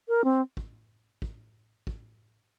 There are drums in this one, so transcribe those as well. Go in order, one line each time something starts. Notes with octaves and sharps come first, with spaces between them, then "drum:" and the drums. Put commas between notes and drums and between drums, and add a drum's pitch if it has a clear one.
A#4
C4
drum: kick
drum: kick
drum: kick